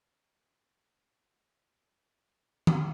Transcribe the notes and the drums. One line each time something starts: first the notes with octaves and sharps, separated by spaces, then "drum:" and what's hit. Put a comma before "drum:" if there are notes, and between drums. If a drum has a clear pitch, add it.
C4 F#4 C5 C#5
drum: tom D#3